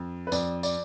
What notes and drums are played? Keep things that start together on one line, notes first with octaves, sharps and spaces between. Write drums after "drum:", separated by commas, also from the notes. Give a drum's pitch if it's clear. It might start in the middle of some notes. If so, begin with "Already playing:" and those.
Already playing: F2
B4
F2 D5, drum: tambourine
D5, drum: tambourine